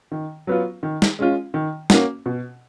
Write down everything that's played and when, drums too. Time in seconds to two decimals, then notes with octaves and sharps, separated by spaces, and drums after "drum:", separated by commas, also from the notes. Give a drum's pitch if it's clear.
0.12 D#3
0.47 F#3 B3 F4
0.83 D#3
1.02 drum: snare
1.19 G#3 C#4 F4
1.54 D#3
1.90 A#3 C#4 F#4, drum: snare
2.26 B2